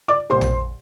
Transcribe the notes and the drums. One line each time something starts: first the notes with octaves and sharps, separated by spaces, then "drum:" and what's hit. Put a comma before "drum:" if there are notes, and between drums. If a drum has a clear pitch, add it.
D5 D6
C2 A#2 G3 C5 C6
drum: tom A#1